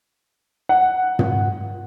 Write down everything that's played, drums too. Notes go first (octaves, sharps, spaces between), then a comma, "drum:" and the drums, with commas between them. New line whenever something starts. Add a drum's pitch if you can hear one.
F#5
drum: tom